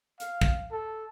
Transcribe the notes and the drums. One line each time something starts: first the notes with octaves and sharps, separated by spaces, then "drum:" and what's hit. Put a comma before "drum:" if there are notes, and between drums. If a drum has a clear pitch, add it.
F5, drum: hi-hat
drum: kick
A4